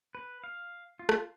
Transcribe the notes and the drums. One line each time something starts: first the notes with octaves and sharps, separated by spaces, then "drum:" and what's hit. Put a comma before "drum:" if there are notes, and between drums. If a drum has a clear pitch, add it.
B4
F5
F4
drum: rim click